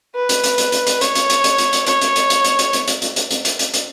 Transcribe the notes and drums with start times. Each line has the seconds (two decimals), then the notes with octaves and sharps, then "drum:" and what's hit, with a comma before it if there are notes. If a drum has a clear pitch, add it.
0.15 B4
0.29 drum: hi-hat
0.44 drum: hi-hat
0.58 drum: hi-hat
0.72 drum: hi-hat
0.87 drum: hi-hat
1.01 C#5, drum: hi-hat
1.15 drum: hi-hat
1.30 drum: hi-hat
1.44 drum: hi-hat
1.58 drum: hi-hat
1.73 drum: hi-hat
1.86 C#5, drum: hi-hat
2.01 drum: hi-hat
2.16 drum: hi-hat
2.30 drum: hi-hat
2.44 drum: hi-hat
2.59 drum: hi-hat
2.73 drum: hi-hat
2.88 drum: hi-hat
3.02 drum: hi-hat
3.16 drum: hi-hat
3.31 drum: hi-hat
3.45 drum: hi-hat
3.59 drum: hi-hat
3.74 drum: hi-hat